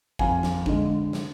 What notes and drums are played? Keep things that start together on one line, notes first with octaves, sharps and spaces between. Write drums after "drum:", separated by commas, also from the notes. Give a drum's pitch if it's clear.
F2 F5 G#5, drum: kick
drum: snare
D3 G#3, drum: kick
drum: snare